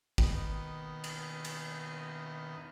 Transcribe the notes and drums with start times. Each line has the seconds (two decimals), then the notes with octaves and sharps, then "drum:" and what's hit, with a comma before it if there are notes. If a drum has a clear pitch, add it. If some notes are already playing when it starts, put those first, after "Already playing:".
0.18 D#2 B2 D#3 B3 D#4, drum: kick
1.04 drum: cymbal
1.45 drum: cymbal